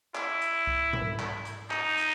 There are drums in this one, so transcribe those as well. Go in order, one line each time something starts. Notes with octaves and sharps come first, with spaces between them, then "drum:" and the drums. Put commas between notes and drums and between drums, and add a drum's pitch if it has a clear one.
E4, drum: clap
drum: hi-hat
drum: kick C2
drum: tom
drum: clap
drum: hi-hat
D#4, drum: clap
drum: hi-hat